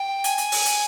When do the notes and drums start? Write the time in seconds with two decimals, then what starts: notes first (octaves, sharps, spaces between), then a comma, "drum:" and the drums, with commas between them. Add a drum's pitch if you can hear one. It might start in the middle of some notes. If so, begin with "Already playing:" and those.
Already playing: G5
0.24 G#5, drum: hi-hat
0.38 drum: hi-hat
0.52 drum: open hi-hat
0.66 drum: hi-hat